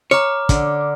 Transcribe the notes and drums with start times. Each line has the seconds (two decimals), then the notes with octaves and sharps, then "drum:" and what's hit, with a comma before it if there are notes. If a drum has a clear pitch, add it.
0.11 C#5 A#5 D6 F6
0.49 D3, drum: kick, hi-hat